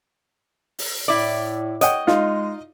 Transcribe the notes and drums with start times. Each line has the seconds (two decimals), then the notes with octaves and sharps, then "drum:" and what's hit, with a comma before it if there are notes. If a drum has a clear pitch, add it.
0.79 drum: open hi-hat
1.08 A2 E4 D5
1.81 C#5 D#5 F#5 G5, drum: hi-hat
2.07 G#3 D#4 F4 F5, drum: snare